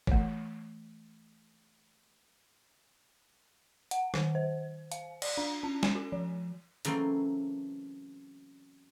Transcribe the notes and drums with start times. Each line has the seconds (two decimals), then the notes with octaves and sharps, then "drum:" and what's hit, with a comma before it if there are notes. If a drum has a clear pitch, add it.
0.07 E3 A3, drum: kick
3.91 F#5, drum: hi-hat
4.14 D#3, drum: rim click
4.35 C5
4.92 F5, drum: hi-hat
5.22 D5, drum: cymbal
5.38 D4
5.63 C#4
5.83 G#5, drum: snare
5.95 F#4
6.12 F3
6.85 C#3 E3 F#3 A3 A#3 C4, drum: hi-hat